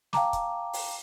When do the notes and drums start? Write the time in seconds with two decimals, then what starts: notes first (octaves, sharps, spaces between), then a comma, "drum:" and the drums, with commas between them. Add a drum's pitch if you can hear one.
0.13 F5 G5 A5 A#5 D6, drum: snare
0.33 drum: kick, hi-hat
0.73 drum: open hi-hat